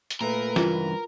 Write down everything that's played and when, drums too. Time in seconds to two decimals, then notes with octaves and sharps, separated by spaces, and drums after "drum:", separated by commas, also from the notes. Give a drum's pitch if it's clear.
0.10 drum: hi-hat
0.21 A#2 A3 A#4 B4
0.56 C#2 G2 E3 F4, drum: snare